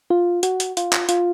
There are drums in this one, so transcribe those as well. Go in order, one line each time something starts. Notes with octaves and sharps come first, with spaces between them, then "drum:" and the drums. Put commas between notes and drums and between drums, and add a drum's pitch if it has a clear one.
F4
F#4, drum: hi-hat
drum: hi-hat
F4, drum: hi-hat
drum: clap
F4, drum: hi-hat